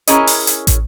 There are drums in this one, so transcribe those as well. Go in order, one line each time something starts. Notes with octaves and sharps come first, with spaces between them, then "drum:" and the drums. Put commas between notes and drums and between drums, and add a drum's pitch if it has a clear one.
C#4 E4 G#4 A#4 C#5 D#5, drum: hi-hat
drum: open hi-hat
drum: hi-hat
drum: kick, hi-hat